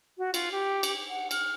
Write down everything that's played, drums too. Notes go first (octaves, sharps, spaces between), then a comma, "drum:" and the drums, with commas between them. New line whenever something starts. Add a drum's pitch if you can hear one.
F#4
F4, drum: cymbal
G4
drum: cymbal
F#5
F6, drum: cymbal